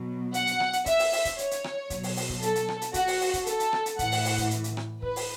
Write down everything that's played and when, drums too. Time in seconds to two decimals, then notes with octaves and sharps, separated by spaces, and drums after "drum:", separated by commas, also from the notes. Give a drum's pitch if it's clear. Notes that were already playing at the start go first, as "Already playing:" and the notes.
Already playing: B2 F#3
0.34 F#5, drum: hi-hat
0.47 drum: hi-hat
0.60 drum: rim click
0.73 drum: hi-hat
0.86 E5, drum: kick, hi-hat
0.99 drum: open hi-hat
1.12 drum: open hi-hat
1.25 drum: kick, hi-hat
1.38 C#5, drum: hi-hat
1.51 drum: hi-hat
1.64 drum: rim click
1.90 B2 F#3, drum: kick, hi-hat
2.03 drum: open hi-hat
2.16 drum: open hi-hat
2.29 drum: kick
2.42 A4, drum: hi-hat
2.55 drum: hi-hat
2.68 drum: rim click
2.82 drum: hi-hat
2.94 F#4, drum: kick, hi-hat
3.08 drum: open hi-hat
3.21 drum: open hi-hat
3.34 drum: kick, hi-hat
3.47 A4, drum: hi-hat
3.60 drum: hi-hat
3.73 drum: rim click
3.86 drum: hi-hat
3.99 A2 E3 F#5, drum: kick, hi-hat
4.12 drum: open hi-hat
4.25 drum: open hi-hat
4.38 drum: kick, hi-hat
4.51 drum: hi-hat
4.64 drum: hi-hat
4.77 drum: rim click
5.02 B4, drum: kick
5.16 drum: open hi-hat